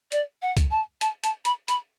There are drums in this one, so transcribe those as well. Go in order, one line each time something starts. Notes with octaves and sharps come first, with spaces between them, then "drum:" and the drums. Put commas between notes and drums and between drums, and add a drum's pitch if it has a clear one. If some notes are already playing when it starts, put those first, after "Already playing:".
D5, drum: hi-hat
F#5
drum: kick C2, hi-hat
A5
A5, drum: hi-hat
A5, drum: hi-hat
B5, drum: hi-hat
B5, drum: hi-hat